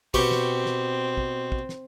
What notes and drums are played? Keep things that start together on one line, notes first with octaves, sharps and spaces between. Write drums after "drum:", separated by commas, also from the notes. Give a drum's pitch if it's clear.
B2 C4 G4 C#6, drum: kick
drum: snare
drum: snare
drum: kick
drum: kick
drum: snare